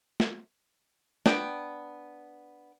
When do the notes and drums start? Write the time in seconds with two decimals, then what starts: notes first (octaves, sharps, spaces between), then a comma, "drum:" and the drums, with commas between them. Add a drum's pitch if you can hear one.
0.20 drum: snare
1.26 B3 D4 G5, drum: snare